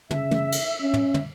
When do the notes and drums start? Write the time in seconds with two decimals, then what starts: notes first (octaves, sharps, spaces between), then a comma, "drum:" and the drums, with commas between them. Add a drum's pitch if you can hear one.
0.11 C#3 E5, drum: tom
0.31 drum: tom
0.52 drum: cymbal
0.81 C#4
0.94 drum: tom
1.14 drum: tom